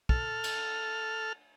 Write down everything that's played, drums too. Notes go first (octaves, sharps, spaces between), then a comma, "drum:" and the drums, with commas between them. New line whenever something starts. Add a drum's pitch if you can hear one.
A4 F6, drum: kick
drum: cymbal